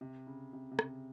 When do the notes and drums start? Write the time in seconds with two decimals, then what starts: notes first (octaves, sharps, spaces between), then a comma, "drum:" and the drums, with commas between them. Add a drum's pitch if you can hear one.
0.01 C3
0.27 C#3
0.53 C3
0.71 C3
0.79 C#3, drum: rim click